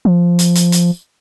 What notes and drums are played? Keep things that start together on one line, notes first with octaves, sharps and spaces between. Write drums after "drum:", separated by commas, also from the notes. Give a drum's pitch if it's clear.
F3
drum: hi-hat
drum: hi-hat
drum: hi-hat